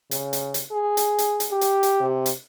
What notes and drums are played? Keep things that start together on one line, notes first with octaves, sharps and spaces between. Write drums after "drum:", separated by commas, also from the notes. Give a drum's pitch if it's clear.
C#3, drum: hi-hat
drum: hi-hat
drum: hi-hat
G#4
drum: hi-hat
drum: hi-hat
drum: hi-hat
G4
drum: hi-hat
drum: hi-hat
C3
drum: hi-hat